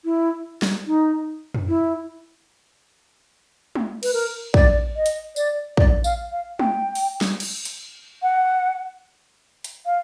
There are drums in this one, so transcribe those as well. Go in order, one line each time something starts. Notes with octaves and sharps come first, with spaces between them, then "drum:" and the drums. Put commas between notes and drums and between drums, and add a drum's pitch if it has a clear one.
E4
drum: snare
D#4
drum: tom
E4
drum: tom
B4, drum: cymbal
A#4
D5, drum: kick
D#5
drum: hi-hat
D5, drum: tambourine
D5, drum: kick
F5, drum: tambourine
F5
G5, drum: tom
drum: open hi-hat
drum: snare
drum: cymbal
drum: hi-hat
F#5
drum: hi-hat
F5